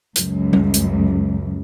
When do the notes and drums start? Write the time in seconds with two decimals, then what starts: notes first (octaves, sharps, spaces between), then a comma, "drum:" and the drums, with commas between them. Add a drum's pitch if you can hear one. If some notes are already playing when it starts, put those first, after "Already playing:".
0.16 C#2 F#2, drum: hi-hat
0.53 drum: tom G3
0.74 drum: hi-hat